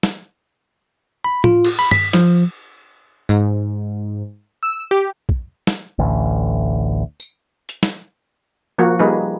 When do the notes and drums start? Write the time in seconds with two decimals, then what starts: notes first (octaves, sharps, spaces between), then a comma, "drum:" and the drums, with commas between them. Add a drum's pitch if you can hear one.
0.03 drum: snare
1.24 B5
1.44 F4, drum: tom
1.64 drum: cymbal
1.79 B5
1.91 B6, drum: tom G2
2.13 F3, drum: snare
3.29 G#2, drum: tambourine
4.63 E6
4.91 G4
5.29 drum: kick
5.67 drum: snare
5.99 A1 D2
7.20 drum: tambourine
7.69 drum: hi-hat
7.83 drum: snare
8.78 F3 A#3 F#4
8.99 G3 A#3 D#4 G#4 B4